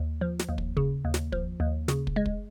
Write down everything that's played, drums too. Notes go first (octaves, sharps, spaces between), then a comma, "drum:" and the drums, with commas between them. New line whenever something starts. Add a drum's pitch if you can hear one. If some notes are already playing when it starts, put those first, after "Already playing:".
Already playing: D#2
F3
drum: snare
D#2
drum: kick
C#3, drum: kick
D#2
drum: snare
F3, drum: kick
D#2
C#3, drum: snare
drum: kick
G#3
drum: kick